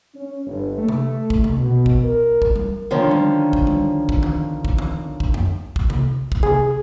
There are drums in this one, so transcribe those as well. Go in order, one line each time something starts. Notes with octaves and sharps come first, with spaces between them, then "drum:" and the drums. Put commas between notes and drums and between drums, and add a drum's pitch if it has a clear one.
C#4
G1
A3
drum: tom C3
drum: kick
drum: tom C3
B2
drum: kick
A#4
drum: kick
drum: tom G3
D3 D#3 F3 C#4
drum: tom G3
drum: kick
drum: tom G3
drum: kick
drum: tom
drum: kick
drum: tom
drum: kick
drum: tom F2
drum: kick
drum: tom C3
drum: kick
G#4, drum: tom C3